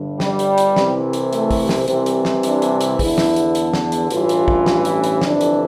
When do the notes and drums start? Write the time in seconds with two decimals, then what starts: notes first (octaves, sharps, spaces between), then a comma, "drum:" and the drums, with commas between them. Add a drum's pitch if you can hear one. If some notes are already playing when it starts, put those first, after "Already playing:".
Already playing: G1 G2 D3
0.20 G3, drum: snare
0.39 drum: hi-hat
0.58 drum: hi-hat
0.76 C2 C3 E3, drum: snare
1.13 drum: hi-hat
1.33 A3, drum: hi-hat
1.51 drum: kick, open hi-hat
1.69 drum: snare
1.88 C2 C3 E3 C4, drum: hi-hat
2.06 drum: hi-hat
2.25 drum: snare
2.43 D4, drum: hi-hat
2.62 drum: hi-hat
2.81 drum: hi-hat
2.99 E2 D3 E4, drum: kick, open hi-hat
3.18 drum: snare
3.36 drum: hi-hat
3.55 drum: hi-hat
3.74 drum: snare
3.92 drum: hi-hat
4.11 A1 G2 E3 F4, drum: hi-hat
4.29 drum: hi-hat
4.48 drum: kick
4.66 drum: snare
4.85 drum: hi-hat
5.04 drum: hi-hat
5.22 G1 F2 E3 D4, drum: snare
5.41 drum: hi-hat